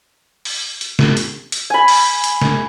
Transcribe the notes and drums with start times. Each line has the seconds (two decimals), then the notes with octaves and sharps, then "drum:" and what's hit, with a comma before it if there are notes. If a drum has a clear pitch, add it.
0.45 drum: open hi-hat
0.81 drum: hi-hat
0.99 drum: snare
1.17 drum: hi-hat
1.52 drum: hi-hat
1.70 G#5 B5
1.88 drum: open hi-hat
2.24 drum: hi-hat
2.42 drum: snare